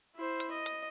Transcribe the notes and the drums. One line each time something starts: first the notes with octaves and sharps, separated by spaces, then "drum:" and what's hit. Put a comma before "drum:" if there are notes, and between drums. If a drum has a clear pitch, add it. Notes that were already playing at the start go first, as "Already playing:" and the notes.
E4 C5
drum: hi-hat
D#5
drum: hi-hat